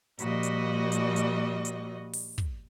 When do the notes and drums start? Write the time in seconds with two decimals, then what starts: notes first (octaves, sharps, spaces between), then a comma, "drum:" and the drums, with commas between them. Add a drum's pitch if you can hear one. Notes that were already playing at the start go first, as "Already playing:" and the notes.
0.19 A#2 F3 G3 F#4 D#5, drum: hi-hat
0.43 drum: hi-hat
0.92 drum: hi-hat
1.16 drum: hi-hat
1.65 drum: hi-hat
2.13 drum: open hi-hat
2.38 drum: kick